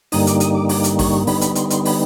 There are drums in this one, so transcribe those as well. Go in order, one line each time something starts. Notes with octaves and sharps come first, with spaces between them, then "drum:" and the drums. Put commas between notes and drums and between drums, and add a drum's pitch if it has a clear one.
G2 D3 G3 A#3 D#4 D#6, drum: open hi-hat
D6, drum: hi-hat
D#6, drum: hi-hat
D6
D6, drum: open hi-hat
drum: hi-hat
C#6, drum: kick A1, open hi-hat
D3 G3 B3 D#4 B5, drum: open hi-hat
B5, drum: hi-hat
C6, drum: hi-hat
C6, drum: hi-hat
B5, drum: open hi-hat